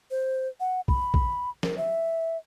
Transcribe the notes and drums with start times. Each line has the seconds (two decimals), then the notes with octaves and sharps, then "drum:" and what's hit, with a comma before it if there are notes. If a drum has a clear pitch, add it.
0.11 C5
0.60 F#5
0.88 B5, drum: kick
1.14 drum: kick
1.63 A#4, drum: snare
1.78 E5